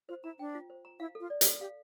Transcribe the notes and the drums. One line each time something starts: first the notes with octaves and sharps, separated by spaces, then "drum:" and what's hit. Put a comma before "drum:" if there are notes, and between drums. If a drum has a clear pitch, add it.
F4 C5
E4 A#5
D4 G5
F4
C5
A#5
E4 F5
A4
F4
D5
G4, drum: hi-hat
A4
G4 F5